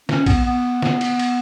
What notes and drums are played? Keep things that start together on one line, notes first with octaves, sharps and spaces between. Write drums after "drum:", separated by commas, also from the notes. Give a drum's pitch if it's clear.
C#4, drum: snare
B3, drum: kick A#1, cymbal
B3
drum: snare
drum: cymbal
drum: cymbal